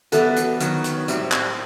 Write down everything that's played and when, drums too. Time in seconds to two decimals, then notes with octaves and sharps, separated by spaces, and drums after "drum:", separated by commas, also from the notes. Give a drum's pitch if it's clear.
0.12 E3 G3 B3 F#4 A4, drum: hi-hat
0.36 drum: hi-hat
0.60 D#3 F#3 B3, drum: hi-hat
0.84 drum: hi-hat
1.08 A2 G3 C4, drum: hi-hat
1.32 drum: clap